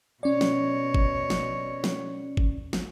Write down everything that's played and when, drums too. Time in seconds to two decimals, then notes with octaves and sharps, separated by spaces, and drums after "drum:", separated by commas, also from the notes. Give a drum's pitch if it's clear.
0.23 B2 C#4 C#5 D5
0.41 drum: snare
0.94 drum: kick G1
1.30 drum: snare
1.84 drum: snare
2.37 drum: kick G1
2.73 drum: snare